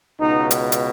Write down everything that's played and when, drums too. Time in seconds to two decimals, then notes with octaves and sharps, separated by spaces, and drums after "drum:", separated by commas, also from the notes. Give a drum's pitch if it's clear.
0.19 C#2 B2 D#4
0.51 drum: hi-hat
0.72 drum: hi-hat